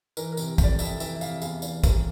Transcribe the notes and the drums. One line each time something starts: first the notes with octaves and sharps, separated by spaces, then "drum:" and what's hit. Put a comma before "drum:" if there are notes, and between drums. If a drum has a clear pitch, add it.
E3 A#4, drum: tambourine
A#4
C3, drum: tambourine
F2, drum: kick, tambourine
D5
F2 E5, drum: tambourine
E3 E5, drum: tambourine
C3 F5, drum: tambourine
E2 F5, drum: tambourine
E3 D5, drum: tambourine
E3 A#4, drum: kick, tambourine